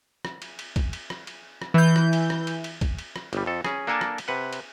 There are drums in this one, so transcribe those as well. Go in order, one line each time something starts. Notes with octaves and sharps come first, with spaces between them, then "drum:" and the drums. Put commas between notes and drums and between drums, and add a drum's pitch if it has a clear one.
drum: rim click
drum: cymbal
drum: cymbal
drum: kick, cymbal
drum: cymbal
drum: rim click
drum: cymbal
drum: rim click
E3 G6
drum: rim click
drum: cymbal
drum: rim click
drum: cymbal
drum: cymbal
drum: kick, cymbal
drum: cymbal
drum: rim click
G1 G3, drum: cymbal
F2 A4
C#4 G#4, drum: rim click
A#3 D4 A4 A#4 G#5 A5
drum: rim click
drum: cymbal
C3 B4 F#5
drum: cymbal